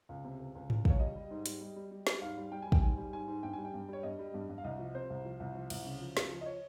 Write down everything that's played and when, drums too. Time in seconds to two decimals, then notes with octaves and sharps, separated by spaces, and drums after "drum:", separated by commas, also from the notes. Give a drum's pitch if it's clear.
0.09 C#2
0.24 C3
0.39 C#2
0.55 C#2
0.70 C#2, drum: tom G#2
0.85 C#2 C#5, drum: kick
1.00 G3 D#5
1.16 G3
1.30 G#2
1.46 G3, drum: hi-hat
1.61 G3
1.76 G3
1.91 G3
2.07 G3, drum: snare
2.22 G#2 F5
2.37 G3
2.52 G3 G5
2.62 G3 G#5
2.72 G5, drum: kick
2.82 G#2 G#5
2.97 G3
3.13 G#2 G#5
3.27 G#2
3.43 G2 G5
3.53 G3 G#5
3.65 G5
3.74 G2
3.88 G3 C#5
4.03 G2 D#5
4.19 G3
4.34 G2
4.49 G2
4.58 F5
4.64 C2 D#5
4.79 F3
4.95 C3 C5
5.10 C2
5.25 F3
5.40 C2
5.55 F3
5.70 C2, drum: cymbal
5.86 C#3
6.01 F3
6.17 C#2, drum: snare
6.31 F3
6.41 D#5
6.46 C#5